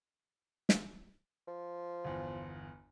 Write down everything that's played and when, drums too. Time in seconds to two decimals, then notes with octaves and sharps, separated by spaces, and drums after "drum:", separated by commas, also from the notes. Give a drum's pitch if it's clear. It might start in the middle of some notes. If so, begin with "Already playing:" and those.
0.69 drum: snare
1.48 F3
2.05 G1 E2